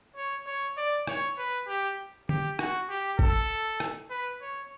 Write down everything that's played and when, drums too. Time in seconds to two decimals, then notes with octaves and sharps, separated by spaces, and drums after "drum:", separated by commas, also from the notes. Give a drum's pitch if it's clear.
0.16 C#5
0.46 C#5
0.77 D5
1.07 C#5, drum: rim click
1.38 B4
1.68 G4
2.29 G4, drum: tom D3
2.59 F#4, drum: rim click
2.90 G4
3.19 A4, drum: kick A1
3.80 drum: rim click
4.10 B4
4.41 C#5